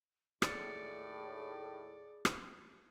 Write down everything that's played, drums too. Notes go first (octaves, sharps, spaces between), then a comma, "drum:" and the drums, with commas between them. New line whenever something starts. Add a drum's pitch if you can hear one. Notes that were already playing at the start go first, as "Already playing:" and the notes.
D#2 A2 G#4 D5 A6 C#7, drum: rim click
drum: rim click